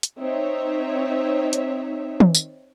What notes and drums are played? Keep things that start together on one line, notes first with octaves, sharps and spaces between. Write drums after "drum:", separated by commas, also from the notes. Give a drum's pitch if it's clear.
drum: hi-hat
C4 D#4 C#5 E5
drum: hi-hat
drum: tom
drum: tambourine